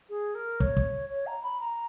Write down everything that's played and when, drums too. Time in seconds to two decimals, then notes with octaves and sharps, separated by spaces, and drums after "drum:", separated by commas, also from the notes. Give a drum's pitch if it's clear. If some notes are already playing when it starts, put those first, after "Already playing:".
0.09 G#4
0.35 A#4
0.60 C#5, drum: kick
0.77 drum: kick
1.10 C#5
1.27 A#5
1.43 B5
1.61 A#5